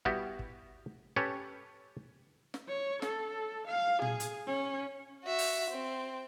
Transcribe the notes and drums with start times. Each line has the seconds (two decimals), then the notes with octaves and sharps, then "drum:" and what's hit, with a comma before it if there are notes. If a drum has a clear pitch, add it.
0.05 G3 B3 E4 F#4 G4, drum: kick
0.39 drum: kick
1.16 C#4 G4 A4 B4 C#5
2.54 drum: snare
2.68 C#5
3.02 A4, drum: snare
3.67 F5
4.02 G#4, drum: tom A#2
4.20 drum: hi-hat
4.47 C#4
5.24 F#4 E5
5.38 drum: open hi-hat
5.70 C4